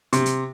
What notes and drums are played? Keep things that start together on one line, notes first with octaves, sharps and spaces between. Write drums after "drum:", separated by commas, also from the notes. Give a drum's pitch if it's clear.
C3, drum: hi-hat
drum: hi-hat